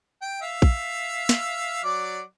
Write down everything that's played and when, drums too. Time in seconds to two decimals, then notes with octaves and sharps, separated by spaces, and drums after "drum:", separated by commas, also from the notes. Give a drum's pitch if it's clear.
0.22 G5
0.42 E5 F5
0.62 drum: kick
1.29 drum: snare
1.84 F#3 D5 D6